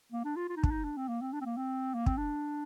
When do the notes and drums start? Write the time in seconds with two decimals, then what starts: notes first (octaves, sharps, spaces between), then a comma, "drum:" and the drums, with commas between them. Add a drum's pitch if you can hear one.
0.12 A#3
0.24 D4
0.36 F4
0.49 F4
0.56 D#4
0.64 D4, drum: kick
0.71 D#4
0.84 D4
0.97 C4
1.08 A#3
1.22 C4
1.33 D4
1.41 C4
1.45 A#3
1.57 C4
1.94 A#3
2.06 C4, drum: kick
2.18 D4